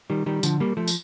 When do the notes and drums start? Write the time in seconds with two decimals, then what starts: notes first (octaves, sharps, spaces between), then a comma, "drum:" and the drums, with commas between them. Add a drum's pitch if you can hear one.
0.10 D#3 G3
0.26 D#3 G3
0.43 D3 F3, drum: tambourine
0.60 G3 A#3
0.77 F3 A3
0.88 drum: tambourine